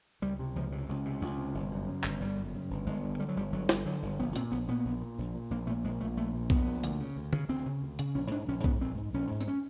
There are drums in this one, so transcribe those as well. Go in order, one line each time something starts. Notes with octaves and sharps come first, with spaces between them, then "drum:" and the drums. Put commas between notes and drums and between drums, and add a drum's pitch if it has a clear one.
C#2 G3
C3
C#2 F3
C3
C#2
C3
C#2
C3
G1
F#2
C#3
G1, drum: clap
G1 G3
F#2
C#3
G1
G1 G#3
G2
D3 G3
F#3
G1 G3
G1 F#3
G2, drum: snare
D3 F#3
G1
A#1 B3
A#2 C4, drum: hi-hat
A#1 B3
A#2 B3
A#1
A#2
A#1
A#2
A#1 A#3
A#2 A3
A#1 G#3
A#2 A3
A#1 A3
A#2
A#1 B3, drum: kick B1
A#2
D2, drum: hi-hat
C#3
D2
C#3, drum: tom
D2 C4
C#3
D2
C#3, drum: hi-hat
A#1 C#4
G#2 D4
A#1 C#4
G#2 B3, drum: kick B1
A#1 C4
G#2
A#1 C#4
G#2
C4, drum: tambourine
C#4